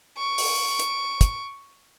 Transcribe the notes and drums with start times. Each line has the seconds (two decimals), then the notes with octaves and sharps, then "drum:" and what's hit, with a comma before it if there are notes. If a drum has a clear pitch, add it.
0.17 C#6 D7
0.38 drum: open hi-hat
0.79 drum: hi-hat
1.21 drum: kick, hi-hat